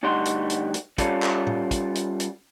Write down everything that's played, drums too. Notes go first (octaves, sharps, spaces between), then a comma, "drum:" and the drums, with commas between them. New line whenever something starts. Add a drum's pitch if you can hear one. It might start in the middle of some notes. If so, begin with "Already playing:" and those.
D2 G2 G3 D#4 F#4 C6
drum: hi-hat
drum: hi-hat
drum: hi-hat
G3 C#4 F4 A4 D5, drum: kick, hi-hat
drum: clap
drum: tom
drum: kick, hi-hat
drum: hi-hat
drum: hi-hat